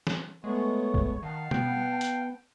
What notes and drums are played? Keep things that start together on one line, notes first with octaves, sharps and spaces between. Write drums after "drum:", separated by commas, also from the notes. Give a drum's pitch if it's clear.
drum: snare
G#3 A3 B3 C#5 C#6
drum: kick
D#3 F5 F#5 A5
B3 G5, drum: tom B2
drum: hi-hat